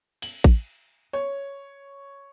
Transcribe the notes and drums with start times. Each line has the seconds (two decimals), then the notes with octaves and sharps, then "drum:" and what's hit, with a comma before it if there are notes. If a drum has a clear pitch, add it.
0.22 F#7, drum: cymbal
0.44 drum: kick A1
1.13 C#5